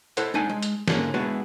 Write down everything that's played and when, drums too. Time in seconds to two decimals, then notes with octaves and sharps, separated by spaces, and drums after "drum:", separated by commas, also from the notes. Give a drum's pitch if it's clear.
0.17 E4 A4 C5 D#5 F#5, drum: hi-hat
0.34 G#3 D4 D#4 G#5
0.50 G#3
0.62 drum: hi-hat
0.88 G#2 D3 G#3 A#3 C#4, drum: snare
1.14 G#3 B3 D4 E4 F#4